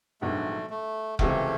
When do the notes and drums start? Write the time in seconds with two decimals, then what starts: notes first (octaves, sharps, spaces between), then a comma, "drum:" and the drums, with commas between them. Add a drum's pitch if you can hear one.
0.21 A#1 G#2 D#3 F#3 A3 B3
0.70 A3
1.19 C#2 C3 E3 G#3 A3 C4, drum: kick F1